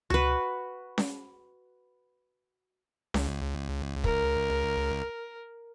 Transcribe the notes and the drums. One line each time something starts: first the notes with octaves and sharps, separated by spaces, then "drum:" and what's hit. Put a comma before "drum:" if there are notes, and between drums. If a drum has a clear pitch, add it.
F#4 B4, drum: tom C#2
drum: snare C#4
C#2, drum: snare C#4
A#4, drum: kick